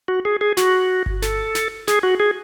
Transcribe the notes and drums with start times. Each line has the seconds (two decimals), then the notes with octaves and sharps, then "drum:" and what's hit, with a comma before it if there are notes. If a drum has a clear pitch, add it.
0.08 F#4
0.25 G#4
0.41 G#4
0.57 F#4, drum: snare
1.06 drum: kick G1
1.22 A4, drum: snare
1.55 drum: snare
1.88 G#4, drum: snare
2.03 F#4
2.20 G#4